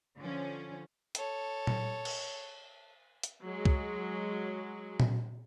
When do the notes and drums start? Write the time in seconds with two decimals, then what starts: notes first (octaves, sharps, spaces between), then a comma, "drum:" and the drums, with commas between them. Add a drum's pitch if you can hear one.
0.18 D3 F3 C#4
1.15 A4 C#5, drum: hi-hat
1.67 drum: tom A#2
2.05 drum: cymbal
3.23 drum: hi-hat
3.43 F#3 G#3
3.65 drum: kick C2
5.00 drum: tom A#2